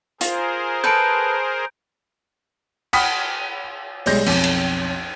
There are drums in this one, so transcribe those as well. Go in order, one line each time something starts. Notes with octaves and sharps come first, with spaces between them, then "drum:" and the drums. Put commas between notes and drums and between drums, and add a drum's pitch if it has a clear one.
F4 G#4 A#4 C5, drum: hi-hat
A4 B4 G6 D7
F#5 G5 B5 D#6 F6 B6, drum: cymbal
B1 G3 G#3 G6 A#6, drum: open hi-hat
B1 F2, drum: cymbal
drum: cymbal